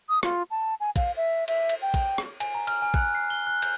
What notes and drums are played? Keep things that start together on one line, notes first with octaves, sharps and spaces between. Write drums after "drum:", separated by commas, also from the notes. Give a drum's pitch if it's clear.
D#6
F4, drum: rim click
A5
G#5
F5, drum: kick, cymbal
E5
E5, drum: cymbal
drum: cymbal
G5
drum: kick, cymbal
drum: rim click
G#5, drum: cymbal
A#5
F6, drum: cymbal
G#5
F#6, drum: kick
C7
G7
F#6
G6, drum: cymbal